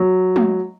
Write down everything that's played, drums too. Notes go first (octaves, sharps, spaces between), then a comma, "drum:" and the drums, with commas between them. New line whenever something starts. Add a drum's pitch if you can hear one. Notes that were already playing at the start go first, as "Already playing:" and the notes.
Already playing: F#3
drum: tom G#3